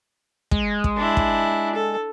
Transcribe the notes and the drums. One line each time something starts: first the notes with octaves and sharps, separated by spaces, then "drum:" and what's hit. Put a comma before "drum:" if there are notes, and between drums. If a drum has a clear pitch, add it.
G#3, drum: kick
drum: kick
D4 E4
drum: kick
A4